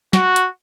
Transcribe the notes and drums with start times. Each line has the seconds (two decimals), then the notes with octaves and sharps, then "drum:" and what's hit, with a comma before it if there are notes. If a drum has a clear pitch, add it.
0.13 F#4, drum: snare
0.36 drum: hi-hat